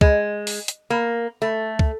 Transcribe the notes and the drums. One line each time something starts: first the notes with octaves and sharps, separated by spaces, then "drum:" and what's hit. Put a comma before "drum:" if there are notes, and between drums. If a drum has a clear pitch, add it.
G#3, drum: kick
drum: open hi-hat
drum: hi-hat
A#3
A3
drum: kick